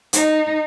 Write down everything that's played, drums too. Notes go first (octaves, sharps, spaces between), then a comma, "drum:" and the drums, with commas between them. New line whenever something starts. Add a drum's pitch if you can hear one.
D#4, drum: hi-hat